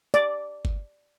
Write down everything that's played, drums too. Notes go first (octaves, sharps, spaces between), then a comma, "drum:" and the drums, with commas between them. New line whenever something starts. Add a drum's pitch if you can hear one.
D5, drum: hi-hat
drum: kick